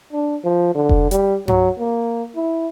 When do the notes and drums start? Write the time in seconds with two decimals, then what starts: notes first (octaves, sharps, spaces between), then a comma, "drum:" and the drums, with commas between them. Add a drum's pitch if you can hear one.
0.12 D4
0.44 F3
0.75 D3
0.89 drum: kick F1
1.11 G3, drum: hi-hat
1.48 F#3, drum: tom G2
1.79 A#3
2.36 E4